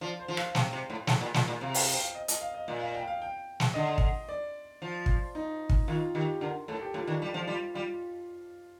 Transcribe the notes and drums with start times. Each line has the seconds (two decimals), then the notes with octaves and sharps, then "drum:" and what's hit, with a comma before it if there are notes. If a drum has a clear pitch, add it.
0.01 F3 D5
0.20 C5
0.28 F3
0.37 F5, drum: rim click
0.55 C3 G5, drum: snare
0.73 C3
0.90 A2
1.07 A2, drum: snare
1.21 A#2
1.34 A#2, drum: snare
1.48 A#2
1.61 C3 F5
1.74 F5, drum: open hi-hat
1.88 G5
2.01 F5
2.15 D#5
2.28 D#5, drum: hi-hat
2.41 F5
2.54 D#5
2.68 A#2
2.81 F5
2.95 G5
3.07 F5
3.22 G5
3.60 drum: snare
3.74 D3 D#5
3.98 drum: kick
4.29 D5
4.82 F3
5.06 drum: kick
5.35 D#4
5.69 drum: kick
5.88 D#3 F4
6.15 D#3 G4
6.41 D3 A#4
6.68 A2 A4
6.82 G4
6.94 A2 F4
7.07 D#3 D4
7.22 G3 D4
7.34 F3 D4
7.47 G3 F4
7.75 G3 F4